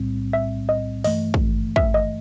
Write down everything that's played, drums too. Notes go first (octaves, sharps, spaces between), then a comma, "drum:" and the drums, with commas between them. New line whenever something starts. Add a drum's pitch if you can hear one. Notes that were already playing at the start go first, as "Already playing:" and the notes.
Already playing: B1 A2 G3 C4
E5
D#5
G2 E3 A3 D#5, drum: open hi-hat
drum: kick
E5, drum: kick
D#5